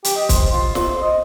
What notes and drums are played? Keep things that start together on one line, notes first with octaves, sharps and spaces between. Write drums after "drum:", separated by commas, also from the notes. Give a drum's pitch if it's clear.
G4, drum: hi-hat
D#5
C5, drum: kick, hi-hat
F4
C5, drum: snare
D#5